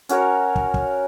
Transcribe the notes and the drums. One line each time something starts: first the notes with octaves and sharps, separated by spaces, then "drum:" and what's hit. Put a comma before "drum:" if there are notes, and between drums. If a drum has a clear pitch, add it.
C#4 F#4 A#4 C#5, drum: hi-hat
drum: kick
drum: kick